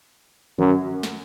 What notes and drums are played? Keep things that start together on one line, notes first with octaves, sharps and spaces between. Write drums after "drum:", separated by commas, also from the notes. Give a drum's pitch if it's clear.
F#2, drum: tom D3
drum: snare